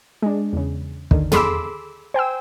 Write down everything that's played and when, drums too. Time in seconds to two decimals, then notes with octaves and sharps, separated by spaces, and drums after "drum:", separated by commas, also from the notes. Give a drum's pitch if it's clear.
0.22 G#3 D4
0.53 E2 C#3
1.11 D#2 D3 D#3, drum: kick
1.32 G#4 A4 B5 C6 D6 E6, drum: tom
2.14 C5 G5 G#5 E6